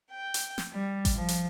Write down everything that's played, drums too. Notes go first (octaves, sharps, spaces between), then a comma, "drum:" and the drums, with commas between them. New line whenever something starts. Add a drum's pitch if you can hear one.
G5
drum: hi-hat
drum: snare
G3
drum: kick A1, hi-hat
F3
drum: hi-hat